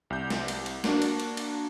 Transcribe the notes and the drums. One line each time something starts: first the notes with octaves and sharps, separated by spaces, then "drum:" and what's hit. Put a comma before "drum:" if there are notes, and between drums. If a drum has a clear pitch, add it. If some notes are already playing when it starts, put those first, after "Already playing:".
C2 G6
drum: snare
drum: cymbal
drum: cymbal
A#3 D4 F#4, drum: snare
drum: cymbal
drum: cymbal
drum: cymbal